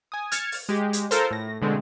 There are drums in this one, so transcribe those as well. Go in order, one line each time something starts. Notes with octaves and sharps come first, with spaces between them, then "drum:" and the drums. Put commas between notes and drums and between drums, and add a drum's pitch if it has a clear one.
G#5 D#6
F6 G#6 A6 C#7 E7, drum: hi-hat
drum: open hi-hat
G#3 G4
drum: hi-hat
F4 A4 A#4 C5, drum: hi-hat
A2 A#6
B2 D3 G#3 A3 C4